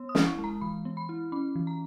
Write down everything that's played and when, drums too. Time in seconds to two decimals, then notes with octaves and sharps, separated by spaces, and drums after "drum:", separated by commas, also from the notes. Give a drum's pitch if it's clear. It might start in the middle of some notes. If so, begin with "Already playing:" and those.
Already playing: B3
0.09 D#6
0.15 E4, drum: snare
0.27 C#6
0.38 G#3
0.44 A#5
0.61 E3 B5
0.85 B3
0.97 B5
1.09 E4
1.32 C#4 B5
1.55 E3
1.67 A#5